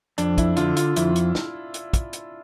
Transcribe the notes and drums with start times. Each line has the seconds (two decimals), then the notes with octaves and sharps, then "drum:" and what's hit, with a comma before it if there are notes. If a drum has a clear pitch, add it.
0.18 F2 D4, drum: hi-hat
0.38 E4, drum: kick, hi-hat
0.57 D3 F4, drum: hi-hat
0.77 F4, drum: hi-hat
0.96 F2 E4, drum: hi-hat
1.16 drum: hi-hat
1.35 drum: snare
1.74 drum: hi-hat
1.93 drum: kick, hi-hat
2.13 drum: hi-hat